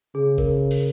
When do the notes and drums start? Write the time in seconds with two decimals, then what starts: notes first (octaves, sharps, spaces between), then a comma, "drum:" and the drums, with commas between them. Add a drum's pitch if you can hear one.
0.15 C#3 G#4
0.38 A#4, drum: kick G1
0.71 drum: open hi-hat